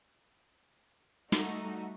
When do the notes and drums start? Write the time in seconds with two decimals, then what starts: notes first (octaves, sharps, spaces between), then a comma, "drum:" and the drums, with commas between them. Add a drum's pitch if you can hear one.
1.32 G3 A3 D#4 F#4, drum: snare